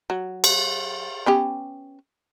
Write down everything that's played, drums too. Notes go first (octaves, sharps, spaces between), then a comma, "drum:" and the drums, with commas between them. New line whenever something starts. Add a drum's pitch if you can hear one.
F#3
drum: cymbal
B3 C#4 G4